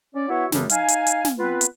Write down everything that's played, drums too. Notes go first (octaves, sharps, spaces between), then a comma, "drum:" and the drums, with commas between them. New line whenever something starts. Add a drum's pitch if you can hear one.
C#4 D5
B3 E4 F#4 C#5 E5 F#5
F#2 C#3 E3 G3 G#3 A4, drum: snare
D#4 F5 G#5, drum: hi-hat
drum: hi-hat
drum: hi-hat
drum: snare
B3 C4 F4 B4
drum: hi-hat